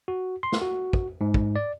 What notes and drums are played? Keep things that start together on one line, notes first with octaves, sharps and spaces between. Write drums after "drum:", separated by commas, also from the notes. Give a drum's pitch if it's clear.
F#4
C6
drum: snare
F#4
drum: kick
G#2
drum: kick
D5